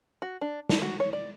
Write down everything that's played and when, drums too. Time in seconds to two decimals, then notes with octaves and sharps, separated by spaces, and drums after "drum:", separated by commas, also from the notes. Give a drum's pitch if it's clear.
0.22 F#4
0.41 D4
0.69 D4, drum: snare
0.82 F#4
1.00 C#5
1.13 D5